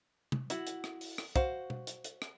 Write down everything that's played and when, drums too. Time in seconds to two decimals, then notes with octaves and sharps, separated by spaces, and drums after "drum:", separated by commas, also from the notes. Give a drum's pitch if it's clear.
0.32 drum: tom C3
0.50 E4 F#4, drum: hi-hat
0.67 drum: hi-hat
0.84 drum: rim click
1.01 drum: open hi-hat
1.18 drum: rim click
1.36 F#4 C5 F5, drum: kick, hi-hat
1.70 drum: tom B2
1.87 drum: hi-hat
2.04 drum: hi-hat
2.22 drum: rim click